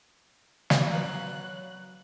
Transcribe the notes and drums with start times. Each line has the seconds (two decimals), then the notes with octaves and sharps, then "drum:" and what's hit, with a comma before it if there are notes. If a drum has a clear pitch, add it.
0.70 drum: snare
0.92 F#3 B4 F5 A#5 F#6